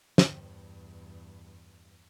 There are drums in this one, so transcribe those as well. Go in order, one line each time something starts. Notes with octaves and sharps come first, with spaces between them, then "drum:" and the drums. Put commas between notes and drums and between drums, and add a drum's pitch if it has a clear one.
E2 G2, drum: snare